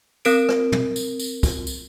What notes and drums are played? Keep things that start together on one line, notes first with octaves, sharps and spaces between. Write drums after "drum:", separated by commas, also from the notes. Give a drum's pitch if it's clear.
C4 A#4 D7, drum: tambourine
drum: rim click
drum: tom
drum: tambourine
drum: tambourine
drum: kick, tambourine
drum: tambourine